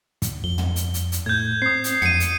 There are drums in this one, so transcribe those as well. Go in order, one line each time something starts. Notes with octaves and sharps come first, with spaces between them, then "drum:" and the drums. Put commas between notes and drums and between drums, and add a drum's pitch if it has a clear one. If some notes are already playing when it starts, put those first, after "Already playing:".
drum: kick, hi-hat
F2 G7
drum: tom
drum: hi-hat
drum: hi-hat
drum: hi-hat
A2 G6 G#6
C4 D#6 C7
drum: hi-hat
F2 C#7 D#7, drum: tom
drum: hi-hat